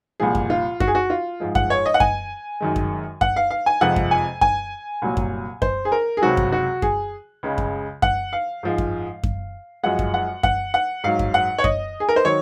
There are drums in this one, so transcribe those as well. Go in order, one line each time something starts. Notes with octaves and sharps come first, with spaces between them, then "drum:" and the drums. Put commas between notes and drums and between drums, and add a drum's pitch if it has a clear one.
C2 A#2 F3 G#4
drum: kick F#2
F4
F#4, drum: kick F#2
G#4
F#4
F4
G#2 F3 G#3
F#5, drum: kick F#2
C#5
D#5
F#5
G#5, drum: kick F#2
F#2 D#3 G#3
drum: kick F#2
F#5, drum: kick F#2
F5
F5
G#5
F2 C3 F3 G#3 F#5
drum: kick F#2
G#5
G#5, drum: kick F#2
C2 A#2 F#3
drum: kick F#2
C5, drum: kick F#2
G#4
A#4
G#4
C#2 C3 F#3 F#4
drum: kick F#2
F#4
G#4, drum: kick F#2
C#2 C#3 G#3
drum: kick F#2
F#5, drum: kick F#2
F5
G#2 F3 G#3
drum: kick F#2
drum: kick F#2
F#2 F3 G#3 F#5
drum: kick F#2
F#5
F#5, drum: kick F#2
F#5
G#2 F#3 F5
drum: kick F#2
F#5
C#5
D#5, drum: kick F#2
G#4
A#4
C5
D#3 F#3 C#5